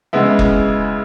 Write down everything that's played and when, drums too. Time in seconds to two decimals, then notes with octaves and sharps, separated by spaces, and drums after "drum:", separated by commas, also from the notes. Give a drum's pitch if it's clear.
0.13 C#3 G#3 B3 E4
0.39 drum: kick F1